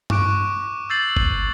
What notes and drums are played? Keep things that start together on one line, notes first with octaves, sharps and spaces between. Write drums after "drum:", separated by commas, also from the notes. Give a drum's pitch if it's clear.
C#6 D6 F#6 D7, drum: tom G2
E6 G6 A6 C7 F#7
drum: kick G1